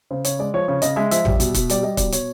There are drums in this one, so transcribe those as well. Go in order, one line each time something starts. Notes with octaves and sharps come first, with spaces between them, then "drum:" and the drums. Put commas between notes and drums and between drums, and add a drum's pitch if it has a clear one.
C#3 C5
C#3 C#5, drum: hi-hat
G#3 D5
F3 C#5
C#3 C#5
C#3 D#5, drum: hi-hat
G#3 E5
F3 E5, drum: hi-hat
G3, drum: tom A1
B2, drum: hi-hat
B2, drum: kick, hi-hat
G3 D5, drum: hi-hat
G3 D#5
B2 D5, drum: kick, hi-hat
B2 C#5, drum: hi-hat